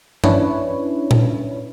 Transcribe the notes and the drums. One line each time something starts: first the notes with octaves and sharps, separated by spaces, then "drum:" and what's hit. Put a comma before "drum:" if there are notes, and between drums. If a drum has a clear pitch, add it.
C#4 D4 E4 B4 C#5, drum: tom G2
drum: tom A#2